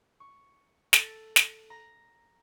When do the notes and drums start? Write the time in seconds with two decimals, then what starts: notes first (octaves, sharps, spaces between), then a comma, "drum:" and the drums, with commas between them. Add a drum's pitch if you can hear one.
0.20 C#6
0.93 A4, drum: snare
1.36 drum: snare
1.70 A#5